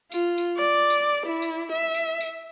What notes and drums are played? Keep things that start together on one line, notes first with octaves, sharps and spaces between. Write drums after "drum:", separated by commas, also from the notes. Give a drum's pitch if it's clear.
F4, drum: tambourine
drum: tambourine
D5
drum: tambourine
E4
drum: tambourine
E5
drum: tambourine
drum: tambourine